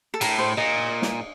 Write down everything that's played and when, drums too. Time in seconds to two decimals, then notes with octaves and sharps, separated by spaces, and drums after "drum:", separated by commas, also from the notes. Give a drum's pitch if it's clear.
0.14 A4
0.21 A2 A#4, drum: cymbal
0.39 C5
0.57 A#2 D#5
1.02 drum: snare